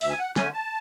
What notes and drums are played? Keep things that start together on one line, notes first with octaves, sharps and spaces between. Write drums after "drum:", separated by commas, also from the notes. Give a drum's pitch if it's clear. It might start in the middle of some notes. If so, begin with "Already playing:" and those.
D2 E5, drum: open hi-hat
G#5
F#5
D3 A3 C#4 G#5, drum: snare
A5